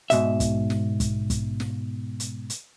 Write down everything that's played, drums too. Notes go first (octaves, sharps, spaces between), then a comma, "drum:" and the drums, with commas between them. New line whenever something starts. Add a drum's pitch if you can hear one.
G#2 B2 E5, drum: hi-hat
drum: kick, hi-hat
drum: snare
drum: kick, hi-hat
drum: kick, hi-hat
drum: snare
drum: hi-hat
drum: hi-hat